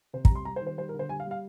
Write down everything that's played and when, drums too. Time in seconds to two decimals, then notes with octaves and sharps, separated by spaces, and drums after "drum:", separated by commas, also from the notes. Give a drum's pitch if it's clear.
0.13 C3 C5
0.25 A#5, drum: kick
0.30 G3
0.35 C6
0.45 G3 A#5
0.56 C5
0.61 D#3
0.67 C5
0.78 G3 C5
0.89 A#4
0.94 D3
0.99 C5
1.09 G3 G#5
1.20 F5
1.26 G3
1.31 F5